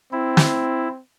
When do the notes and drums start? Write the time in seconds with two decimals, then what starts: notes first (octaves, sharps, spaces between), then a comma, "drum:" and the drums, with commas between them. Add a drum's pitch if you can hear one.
0.13 C4 E4
0.37 drum: snare